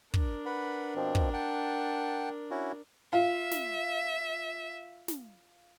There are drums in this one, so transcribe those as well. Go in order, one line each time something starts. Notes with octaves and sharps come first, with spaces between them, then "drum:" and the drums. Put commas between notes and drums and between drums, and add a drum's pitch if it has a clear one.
D4 A#4, drum: kick
B4 F#5 B5
B2 F3 C4
drum: kick
F#5 G5 A5
C#4 E4 F#4
F4 E5
drum: snare
drum: snare